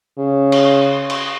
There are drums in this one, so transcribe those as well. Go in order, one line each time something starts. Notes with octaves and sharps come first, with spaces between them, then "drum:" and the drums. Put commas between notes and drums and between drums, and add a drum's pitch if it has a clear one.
C#3
drum: cymbal
drum: cymbal